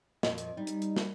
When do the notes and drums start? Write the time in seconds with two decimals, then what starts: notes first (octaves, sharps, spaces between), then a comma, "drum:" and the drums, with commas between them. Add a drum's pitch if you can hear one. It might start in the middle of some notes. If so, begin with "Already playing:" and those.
0.23 F2 A#2 D#5, drum: snare
0.38 drum: hi-hat
0.57 G3 D#4
0.67 drum: hi-hat
0.82 drum: hi-hat
0.96 drum: snare